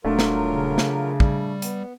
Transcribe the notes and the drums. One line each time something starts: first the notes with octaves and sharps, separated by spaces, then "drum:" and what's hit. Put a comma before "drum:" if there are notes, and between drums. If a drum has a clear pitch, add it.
D#1 F#3 A3 D4 F4 A#4
drum: snare
C#3
drum: snare
G3, drum: kick
B3, drum: hi-hat